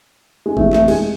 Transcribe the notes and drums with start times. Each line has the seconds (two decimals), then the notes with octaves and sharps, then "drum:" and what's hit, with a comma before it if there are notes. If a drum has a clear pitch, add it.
0.46 G#3
0.57 F2 C3 E3 G3 A3, drum: kick G1
0.73 A3, drum: clap
0.88 G#3, drum: cymbal